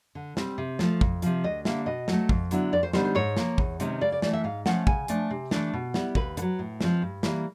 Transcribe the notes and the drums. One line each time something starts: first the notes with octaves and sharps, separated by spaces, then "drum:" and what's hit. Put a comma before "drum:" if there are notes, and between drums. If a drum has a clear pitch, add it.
D3
G3 C4, drum: snare
C3
F3 A3, drum: snare
F2, drum: kick
C3 F3, drum: hi-hat
D2 D#5
D3 G3 A#3 E5, drum: snare
B2 D#5
F#3 A3, drum: snare
F2, drum: kick
D3 F#3 B3 E4, drum: hi-hat
F2 D5
C5
D3 G3 B3 D#4 C5, drum: snare
C5
G#2 C#5
F3 A#3, drum: snare
E2, drum: kick
C3 D#3 G#3 C#4, drum: hi-hat
C#3 D5
D5
E3 A3 D5, drum: snare
E5
G#2 F5
F3 A3 C#4 F#5, drum: snare
C#3 G#5, drum: kick
F3 A3 D4, drum: hi-hat
C3
E3 A3 D4, drum: snare
B2
G3 B3 E4, drum: snare
D#2 B4, drum: kick
D3, drum: hi-hat
F#3
A2
F3 G#3 C4, drum: snare
G2
E3 G3 A#3, drum: snare